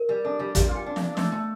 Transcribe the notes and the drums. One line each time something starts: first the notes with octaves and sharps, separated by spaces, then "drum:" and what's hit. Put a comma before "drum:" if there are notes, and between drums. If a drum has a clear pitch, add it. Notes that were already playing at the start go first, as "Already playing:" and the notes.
Already playing: A#4
G3
D4 A4
G3
G3 F5, drum: kick, hi-hat
F4 G5
D4
F5, drum: snare
D4
A3, drum: snare
A3